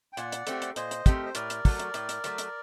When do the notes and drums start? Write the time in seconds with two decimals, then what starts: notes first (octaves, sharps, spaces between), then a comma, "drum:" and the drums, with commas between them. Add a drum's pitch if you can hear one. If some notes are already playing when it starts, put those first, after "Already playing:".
0.13 G5
0.17 A#2 D5 F#5, drum: hi-hat
0.32 drum: hi-hat
0.47 A3 C4 G4, drum: hi-hat
0.62 drum: hi-hat
0.76 A#2 C5 D#5, drum: hi-hat
0.91 drum: hi-hat
1.06 A3 C4 G4, drum: kick, hi-hat
1.15 A#4
1.25 C5
1.35 A2 A#4 D5, drum: hi-hat
1.50 drum: hi-hat
1.65 F#3 A3, drum: kick, open hi-hat
1.79 drum: hi-hat
1.94 A2, drum: hi-hat
2.09 drum: hi-hat
2.24 F#3 A3, drum: hi-hat
2.38 drum: hi-hat